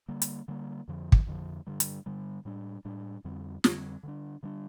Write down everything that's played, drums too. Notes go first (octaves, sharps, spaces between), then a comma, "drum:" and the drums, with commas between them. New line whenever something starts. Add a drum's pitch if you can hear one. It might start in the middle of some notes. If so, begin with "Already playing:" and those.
D3 G3 A#3
drum: hi-hat
D3 G3 A#3
F2 D3 F3
drum: kick
F2 D3 F3
G2 D3 G3
drum: hi-hat
G2 D3 G3
A2 G3 D4
A2 G3 D4
F2 D3 G3 C4
F2 D3 G3 C4, drum: snare
D3 G3 D4
D3 G3 D4